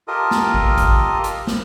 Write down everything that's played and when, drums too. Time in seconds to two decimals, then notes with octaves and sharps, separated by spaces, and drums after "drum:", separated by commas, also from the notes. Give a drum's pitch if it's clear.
0.08 F4 G4 A4 A#4 D#5 D#6
0.31 drum: snare
0.54 drum: kick G#1
0.78 drum: kick G#1, hi-hat
1.24 drum: hi-hat
1.47 drum: snare